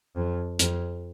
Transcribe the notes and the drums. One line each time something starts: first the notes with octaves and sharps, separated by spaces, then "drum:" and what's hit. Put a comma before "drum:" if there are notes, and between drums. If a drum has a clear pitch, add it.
F2
F2, drum: hi-hat